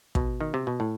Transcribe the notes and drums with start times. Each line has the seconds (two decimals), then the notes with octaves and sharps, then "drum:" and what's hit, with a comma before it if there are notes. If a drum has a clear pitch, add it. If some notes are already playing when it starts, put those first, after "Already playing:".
0.15 B2, drum: kick
0.41 D#3
0.54 C3
0.67 B2
0.80 A2